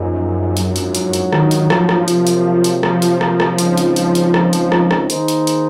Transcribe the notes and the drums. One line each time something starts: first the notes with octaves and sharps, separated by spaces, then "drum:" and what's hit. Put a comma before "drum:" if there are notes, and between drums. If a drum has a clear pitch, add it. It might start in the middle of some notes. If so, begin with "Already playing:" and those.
Already playing: F#2 A#2 F3 A#3 D#4 G#4
A#1 G#2 F#3 A#3, drum: hi-hat
drum: hi-hat
drum: hi-hat
drum: hi-hat
D#3, drum: rim click
drum: hi-hat
F3, drum: rim click
drum: rim click
C3 F#3 A#3 F4 A#4, drum: hi-hat
drum: hi-hat
drum: hi-hat
F3, drum: rim click
drum: hi-hat
drum: rim click
drum: rim click
C#2 C#3 F#3 C4 D#4, drum: hi-hat
drum: hi-hat
drum: hi-hat
drum: hi-hat
drum: rim click
drum: hi-hat
drum: rim click
drum: rim click
D#3 A#3 D#4 G#4 C5, drum: hi-hat
drum: hi-hat
drum: hi-hat